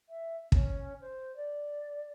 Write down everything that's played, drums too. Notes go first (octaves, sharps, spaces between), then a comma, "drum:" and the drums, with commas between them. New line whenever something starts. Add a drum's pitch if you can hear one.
E5
C#4, drum: kick
C5
D5